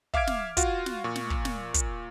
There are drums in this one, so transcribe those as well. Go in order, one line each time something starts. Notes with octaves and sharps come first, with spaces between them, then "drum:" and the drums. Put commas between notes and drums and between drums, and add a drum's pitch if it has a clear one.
E5 F5 D6 F6 G#6 D7, drum: kick
drum: snare
F4 F#4 F5, drum: kick, hi-hat
drum: snare
A#2 C#6
drum: snare
drum: kick
drum: snare
drum: kick, hi-hat